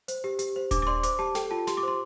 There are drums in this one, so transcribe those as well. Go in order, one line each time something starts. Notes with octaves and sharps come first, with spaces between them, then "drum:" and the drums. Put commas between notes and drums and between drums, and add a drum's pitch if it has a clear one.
C5, drum: hi-hat
G4
G4, drum: hi-hat
C5
D4 D6, drum: kick D#1, hi-hat
D6
D5 C6
C5 D6, drum: hi-hat
G4 A5
A4 G5, drum: snare
F4 A5
G4 C6, drum: snare
D6
C5 C6